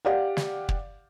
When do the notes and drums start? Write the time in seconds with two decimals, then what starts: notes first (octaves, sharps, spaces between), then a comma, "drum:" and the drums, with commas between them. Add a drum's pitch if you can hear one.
0.05 G4 D5 F5 F#5
0.37 drum: snare
0.69 drum: kick